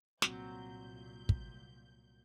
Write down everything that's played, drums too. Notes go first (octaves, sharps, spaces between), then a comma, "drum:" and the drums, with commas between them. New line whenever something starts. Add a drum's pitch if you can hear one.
C2 A#2 F#3 C4 G6, drum: snare
drum: kick